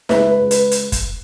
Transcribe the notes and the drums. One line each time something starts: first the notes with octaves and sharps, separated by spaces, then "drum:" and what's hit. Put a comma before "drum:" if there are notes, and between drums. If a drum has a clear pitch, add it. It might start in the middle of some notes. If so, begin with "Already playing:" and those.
C#2 B4 E5, drum: snare
B4
C#2
B4, drum: hi-hat
drum: hi-hat
drum: kick, hi-hat